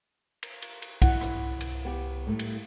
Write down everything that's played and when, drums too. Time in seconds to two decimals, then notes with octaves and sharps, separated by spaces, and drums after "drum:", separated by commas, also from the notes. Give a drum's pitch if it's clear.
0.43 drum: cymbal
0.62 drum: cymbal
0.82 drum: cymbal
1.02 E4 F#5, drum: kick, cymbal
1.21 drum: rim click
1.35 C2
1.61 drum: cymbal
1.85 B3 G4
2.27 A2 G3 A3
2.39 drum: cymbal